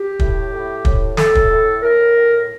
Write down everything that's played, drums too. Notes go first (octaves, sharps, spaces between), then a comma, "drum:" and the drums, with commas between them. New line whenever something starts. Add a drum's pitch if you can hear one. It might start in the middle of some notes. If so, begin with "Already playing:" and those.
Already playing: G4
A2, drum: kick
A2
A2, drum: kick
A2 A4, drum: snare
drum: kick
A2
A2 A#4
A2